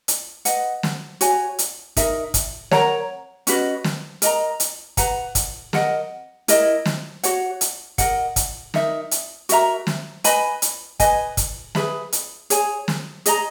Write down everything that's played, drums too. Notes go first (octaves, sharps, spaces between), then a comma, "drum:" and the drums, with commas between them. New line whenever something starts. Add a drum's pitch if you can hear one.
drum: hi-hat
B4 D#5 F#5, drum: hi-hat
drum: snare
F#4 C#5 G#5, drum: hi-hat
drum: hi-hat
D#4 A#4 E5, drum: kick, hi-hat
drum: kick, hi-hat
A#4 C#5 F#5 A#5, drum: snare
C#4 F#4 B4 D#5, drum: hi-hat
drum: snare
A#4 D#5 A#5, drum: hi-hat
drum: hi-hat
B4 F#5 A#5, drum: kick, hi-hat
drum: kick, hi-hat
A#4 D#5 F#5, drum: snare
E4 A#4 D#5, drum: hi-hat
drum: snare
F#4 C#5 F#5, drum: hi-hat
drum: hi-hat
A#4 D#5 F#5, drum: kick, hi-hat
drum: kick, hi-hat
D#4 A#4 E5, drum: snare
drum: hi-hat
F#4 A#4 E5 A#5, drum: hi-hat
drum: snare
B4 D#5 G#5 B5, drum: hi-hat
drum: hi-hat
B4 D#5 G#5, drum: kick, hi-hat
drum: kick, hi-hat
G#4 B4 E5 B5, drum: snare
drum: hi-hat
G#4 C#5 G#5, drum: hi-hat
drum: snare
G#4 D#5 A#5, drum: hi-hat